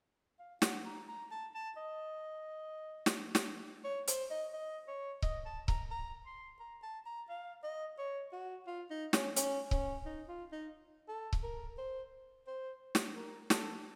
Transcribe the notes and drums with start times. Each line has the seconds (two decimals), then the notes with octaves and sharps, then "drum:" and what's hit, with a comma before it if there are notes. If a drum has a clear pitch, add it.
0.39 F5
0.62 F#5, drum: snare
0.85 A#5
1.08 A#5
1.31 A5
1.54 A5
1.77 D#5
3.06 drum: snare
3.35 drum: snare
3.84 C#5
4.07 C5, drum: hi-hat
4.30 D#5
4.53 D#5
4.88 C#5
5.22 D#5, drum: kick C#1
5.45 A5
5.68 A#5, drum: kick C#1
5.91 A#5
6.26 C6
6.60 A#5
6.83 A5
7.06 A#5
7.29 F5
7.63 D#5
7.98 C#5
8.32 F#4
8.67 F4
8.90 D#4
9.13 C#4, drum: snare
9.36 C#4, drum: hi-hat
9.71 C#4, drum: kick C#1
10.06 D#4
10.28 F4
10.52 D#4
11.08 A4
11.33 drum: kick C#1
11.43 A#4
11.78 C5
12.47 C5
12.95 drum: snare
13.16 A#4
13.50 A4, drum: snare